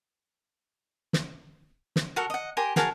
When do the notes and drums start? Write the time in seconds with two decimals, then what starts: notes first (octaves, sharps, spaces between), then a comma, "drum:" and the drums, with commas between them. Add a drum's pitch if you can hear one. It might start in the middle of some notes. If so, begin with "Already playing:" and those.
1.13 drum: snare
1.96 drum: snare
2.16 F#4 A4 A#4 F#5
2.30 D#5 F#5
2.57 G4 A#4 G#5 C6
2.76 F#4 G#4 A#4 A5, drum: snare